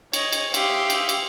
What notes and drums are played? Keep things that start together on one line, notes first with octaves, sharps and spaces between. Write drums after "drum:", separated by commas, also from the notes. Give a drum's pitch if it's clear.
C#5 D#5, drum: cymbal
drum: cymbal
G4 E5 F5 C6 D#6, drum: cymbal
drum: cymbal
drum: cymbal